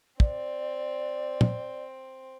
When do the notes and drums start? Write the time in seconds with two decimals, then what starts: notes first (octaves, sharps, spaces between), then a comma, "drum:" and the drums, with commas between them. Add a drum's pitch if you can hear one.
0.20 C4 D5, drum: kick
1.41 drum: tom